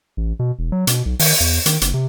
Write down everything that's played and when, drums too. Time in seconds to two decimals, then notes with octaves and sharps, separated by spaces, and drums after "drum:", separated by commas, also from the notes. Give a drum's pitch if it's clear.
0.17 A1
0.39 B2
0.59 E1
0.72 F#3
0.87 B2, drum: hi-hat
1.06 B1
1.19 D#3, drum: open hi-hat
1.40 E2
1.66 D#3, drum: hi-hat
1.81 F#1, drum: hi-hat
1.94 C3